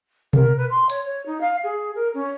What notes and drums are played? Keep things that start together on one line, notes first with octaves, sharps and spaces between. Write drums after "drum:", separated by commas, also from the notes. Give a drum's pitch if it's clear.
A#4, drum: tom B2
B4
C6
C#5, drum: hi-hat
C#5
D#4
F5
G#4
A#4
C#4